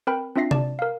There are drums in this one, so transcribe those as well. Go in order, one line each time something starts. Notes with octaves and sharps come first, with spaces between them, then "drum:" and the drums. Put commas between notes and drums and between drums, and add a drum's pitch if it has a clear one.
C4 A#4 B4 G5 B5
C4 D4 F4 E5 A#6 C7
D5 A5, drum: tom C3
A#4 F5